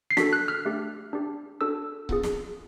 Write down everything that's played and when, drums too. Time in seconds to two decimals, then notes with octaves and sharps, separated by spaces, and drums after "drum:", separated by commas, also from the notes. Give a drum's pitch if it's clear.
0.11 C7
0.17 D4 F#4 A4 B6, drum: snare
0.33 F#6
0.48 F6
0.65 A3 D4 G4
1.13 D4 G4
1.61 D4 F#4 A4 E6
2.09 B3 D4 F4 G#4, drum: kick C#1
2.23 drum: snare